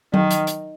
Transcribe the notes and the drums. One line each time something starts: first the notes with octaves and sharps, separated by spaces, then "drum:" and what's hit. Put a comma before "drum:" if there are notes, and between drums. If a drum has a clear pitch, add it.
D#3, drum: tom F#3
drum: hi-hat
drum: hi-hat